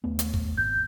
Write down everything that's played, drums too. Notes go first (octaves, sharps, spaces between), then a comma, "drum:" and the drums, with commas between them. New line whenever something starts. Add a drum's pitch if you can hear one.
D#2 A3 B3
drum: hi-hat
drum: kick
G#1 G6